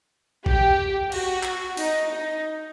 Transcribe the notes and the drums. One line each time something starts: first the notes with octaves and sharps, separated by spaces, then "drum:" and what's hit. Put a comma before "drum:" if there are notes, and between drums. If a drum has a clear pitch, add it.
G4, drum: kick A#1
F#4, drum: cymbal
drum: clap
D#4, drum: open hi-hat
D#4